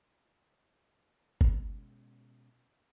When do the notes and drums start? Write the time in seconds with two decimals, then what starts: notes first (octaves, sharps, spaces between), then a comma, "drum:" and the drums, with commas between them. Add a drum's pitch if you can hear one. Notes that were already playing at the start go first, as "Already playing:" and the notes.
1.41 B2 G#3 C#4, drum: kick G1